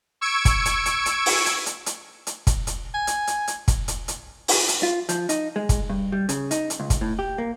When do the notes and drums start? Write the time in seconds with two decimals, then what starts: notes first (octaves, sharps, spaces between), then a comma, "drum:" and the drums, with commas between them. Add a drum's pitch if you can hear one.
0.21 C#6 E6 G#6 C#7 D7
0.45 drum: kick, hi-hat
0.65 drum: hi-hat
0.86 drum: hi-hat
1.06 drum: hi-hat
1.26 drum: open hi-hat
1.46 drum: hi-hat
1.66 drum: hi-hat
1.86 drum: hi-hat
2.27 drum: hi-hat
2.47 drum: kick, hi-hat
2.67 drum: hi-hat
2.94 G#5
3.07 drum: hi-hat
3.27 drum: hi-hat
3.48 drum: hi-hat
3.68 drum: kick, hi-hat
3.88 drum: hi-hat
4.08 drum: hi-hat
4.48 drum: open hi-hat
4.68 drum: hi-hat
4.83 F4
5.09 F3, drum: hi-hat
5.29 D#4, drum: hi-hat
5.56 G#3
5.69 drum: kick, hi-hat
5.89 G2
6.12 G3
6.29 C#3, drum: hi-hat
6.51 D#4, drum: hi-hat
6.70 drum: hi-hat
6.80 C#2
6.90 drum: kick, hi-hat
7.01 A2
7.19 G4
7.38 A#3